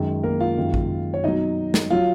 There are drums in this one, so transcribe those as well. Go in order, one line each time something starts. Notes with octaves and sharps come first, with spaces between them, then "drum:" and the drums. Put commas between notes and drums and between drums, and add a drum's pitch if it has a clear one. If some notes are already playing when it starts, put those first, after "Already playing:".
Already playing: F#2 D#3 G#3
A#3 A#4
F4 F5
F#2 D#3 G#3
drum: kick A1
C#5
B2 F#3 D#4 D#5
drum: snare
F#3 F4 F5